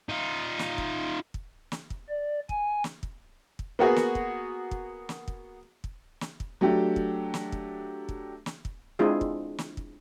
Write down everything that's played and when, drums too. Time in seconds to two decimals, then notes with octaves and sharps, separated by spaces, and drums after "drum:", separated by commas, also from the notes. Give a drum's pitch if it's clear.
0.09 D#4 F4
0.59 drum: snare
0.78 drum: kick
1.34 drum: kick
1.72 drum: snare
1.90 drum: kick
2.09 D5
2.49 G#5, drum: kick
2.84 drum: snare
3.03 drum: kick
3.59 drum: kick
3.79 A#3 B3 F#4 G#4
3.96 drum: snare
4.15 drum: kick
4.71 drum: kick
5.09 drum: snare
5.28 drum: kick
5.84 drum: kick
6.21 drum: snare
6.40 drum: kick
6.61 F#3 A3 D4 G4
6.96 drum: kick
7.34 drum: snare
7.52 drum: kick
8.09 drum: kick
8.46 drum: snare
8.65 drum: kick
8.99 G#3 C4 D4 E4 F4 G#4
9.21 drum: kick
9.58 drum: snare
9.77 drum: kick